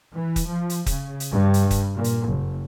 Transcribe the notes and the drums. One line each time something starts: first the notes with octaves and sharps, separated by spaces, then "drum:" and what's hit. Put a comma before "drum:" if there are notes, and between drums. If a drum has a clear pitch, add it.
E3
drum: kick, hi-hat
F3
drum: hi-hat
C#3, drum: kick, hi-hat
drum: hi-hat
G2
drum: hi-hat
drum: kick, hi-hat
A#2
drum: hi-hat
F#1